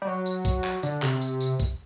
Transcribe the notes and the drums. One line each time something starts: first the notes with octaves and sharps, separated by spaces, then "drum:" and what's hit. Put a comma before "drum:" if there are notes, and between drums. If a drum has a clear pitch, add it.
G3
F#3
drum: tambourine
drum: kick A#1, tambourine
drum: clap
D3, drum: tambourine
C3, drum: clap
drum: tambourine
drum: tambourine
drum: kick A#1, tambourine